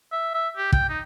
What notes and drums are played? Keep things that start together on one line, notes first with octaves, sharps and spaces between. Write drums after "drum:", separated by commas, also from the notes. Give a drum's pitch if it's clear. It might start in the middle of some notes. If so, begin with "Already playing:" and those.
E5
E5
G4
G5, drum: kick
D#4